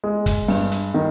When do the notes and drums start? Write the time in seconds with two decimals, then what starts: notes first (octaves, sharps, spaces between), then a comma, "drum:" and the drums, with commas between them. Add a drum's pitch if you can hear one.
0.04 G#3
0.26 drum: kick, hi-hat
0.48 G2, drum: open hi-hat
0.72 drum: hi-hat
0.94 D#3